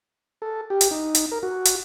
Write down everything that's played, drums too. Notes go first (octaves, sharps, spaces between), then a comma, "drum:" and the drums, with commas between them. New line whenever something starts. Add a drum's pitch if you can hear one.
A4
G4
drum: hi-hat
D#4
drum: hi-hat
A#4
F#4
drum: hi-hat